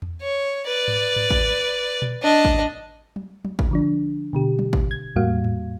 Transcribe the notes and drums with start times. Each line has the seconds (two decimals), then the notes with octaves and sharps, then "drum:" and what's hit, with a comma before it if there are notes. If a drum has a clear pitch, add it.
0.02 drum: tom E2
0.22 C#5
0.66 B4 D5
0.88 drum: tom G#2
1.16 drum: tom G#2
1.31 drum: kick G#1
2.02 drum: tom A#2
2.22 D4 D#5
2.45 drum: kick G#1
3.16 drum: tom F#3
3.45 drum: tom F#3
3.59 drum: kick G#1
3.71 D3 F3 D4
4.33 B2 D3 G4
4.59 drum: tom F#3
4.73 drum: kick G#1
4.91 G#6
5.16 E2 A2 G3 A#3 F#4 F5
5.44 drum: tom G#2